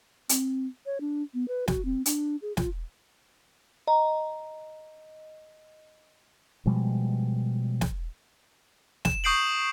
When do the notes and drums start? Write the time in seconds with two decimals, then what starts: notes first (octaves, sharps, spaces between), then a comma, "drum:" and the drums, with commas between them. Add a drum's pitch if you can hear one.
0.29 C4, drum: hi-hat
0.86 C#5
1.01 D4
1.34 B3
1.48 B4
1.68 F#4, drum: snare
1.85 C4
2.06 D4, drum: hi-hat
2.42 G#4
2.57 F4, drum: snare
3.87 D#5 A#5
6.66 B2 F3 G3 G#3
7.81 drum: snare
9.05 E7, drum: snare
9.24 C#6 D#6 G6 C7 D7 F#7